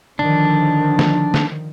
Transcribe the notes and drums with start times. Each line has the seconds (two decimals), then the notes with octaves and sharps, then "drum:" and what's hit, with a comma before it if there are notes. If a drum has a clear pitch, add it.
0.19 D3 D#3 F3 D4
0.99 drum: snare
1.34 drum: snare